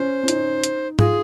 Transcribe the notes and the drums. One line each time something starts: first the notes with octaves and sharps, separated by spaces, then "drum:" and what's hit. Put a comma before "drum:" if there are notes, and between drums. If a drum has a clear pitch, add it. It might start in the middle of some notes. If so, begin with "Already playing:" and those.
Already playing: C#4 C5
C#4
D#4, drum: hi-hat
drum: hi-hat
F4 G#4, drum: tom G#2